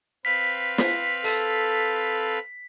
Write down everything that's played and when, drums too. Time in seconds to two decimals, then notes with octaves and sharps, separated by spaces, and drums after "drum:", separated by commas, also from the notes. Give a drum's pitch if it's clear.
0.25 C4 B4 F5 B6
0.78 drum: snare
1.24 A4, drum: open hi-hat